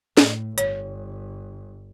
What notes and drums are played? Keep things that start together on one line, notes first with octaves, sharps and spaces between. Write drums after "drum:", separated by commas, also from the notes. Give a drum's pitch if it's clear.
A2, drum: snare
G1 C#5, drum: hi-hat